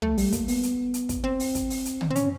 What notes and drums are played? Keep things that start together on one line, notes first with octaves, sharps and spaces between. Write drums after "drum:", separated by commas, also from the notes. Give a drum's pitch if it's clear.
A3, drum: tom
G3, drum: open hi-hat
A#3, drum: kick, hi-hat
B3, drum: open hi-hat
drum: hi-hat
drum: hi-hat
drum: kick, hi-hat
C4
drum: open hi-hat
drum: kick, hi-hat
drum: open hi-hat
drum: hi-hat
drum: tom
C4
C#4, drum: hi-hat